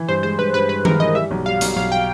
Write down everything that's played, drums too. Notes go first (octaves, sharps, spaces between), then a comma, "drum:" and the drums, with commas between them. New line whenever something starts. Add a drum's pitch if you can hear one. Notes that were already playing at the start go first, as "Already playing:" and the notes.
Already playing: E3
G2 C5
G#3 C5
G2 B4
G2 B4
G2 B4
G#3 A#4, drum: tom D#3
E3 D#5
G3 E5
B1
G3 F5
B1, drum: hi-hat
B1 F5
G5